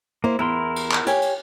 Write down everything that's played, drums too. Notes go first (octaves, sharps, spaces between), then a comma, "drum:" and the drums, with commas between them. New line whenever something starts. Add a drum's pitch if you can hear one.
A#3 E4 C5
E2 E4 A#4 C6
drum: cymbal
drum: clap
G4 C#5 G#5, drum: cymbal
drum: cymbal